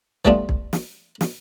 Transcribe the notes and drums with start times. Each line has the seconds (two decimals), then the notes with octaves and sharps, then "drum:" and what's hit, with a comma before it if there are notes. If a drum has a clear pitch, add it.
0.25 E3 G3 A3 B3 D4 F4, drum: kick
0.49 drum: kick
0.73 drum: snare
1.21 drum: snare